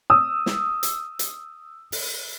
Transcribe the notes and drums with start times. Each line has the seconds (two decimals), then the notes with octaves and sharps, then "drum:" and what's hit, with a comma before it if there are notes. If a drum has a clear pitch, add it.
0.10 D#6 E6
0.46 drum: snare
0.83 drum: hi-hat
1.19 drum: hi-hat
1.92 drum: open hi-hat